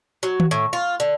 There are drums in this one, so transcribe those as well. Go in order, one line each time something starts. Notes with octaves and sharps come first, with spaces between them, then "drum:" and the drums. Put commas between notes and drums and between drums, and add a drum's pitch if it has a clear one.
F#3
drum: tom D#3
A2
F4
D3